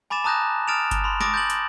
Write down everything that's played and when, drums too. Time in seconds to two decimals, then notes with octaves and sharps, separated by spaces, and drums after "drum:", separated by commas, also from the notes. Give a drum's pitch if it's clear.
0.10 G#5 B5 D6 A6 E7
0.24 A5 A#5 D#6 F#6 G6 A#6
0.68 D#6 F6 A6 D7 E7 F7
0.91 drum: kick G1, hi-hat
1.04 B5 C6
1.21 D6 D#6 A6 A#6 D7, drum: snare
1.34 G6 A6 F#7
1.50 drum: hi-hat